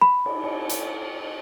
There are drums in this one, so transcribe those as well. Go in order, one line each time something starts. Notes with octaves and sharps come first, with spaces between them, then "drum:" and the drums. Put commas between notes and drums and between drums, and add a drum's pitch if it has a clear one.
B5
drum: cymbal
drum: cymbal
drum: hi-hat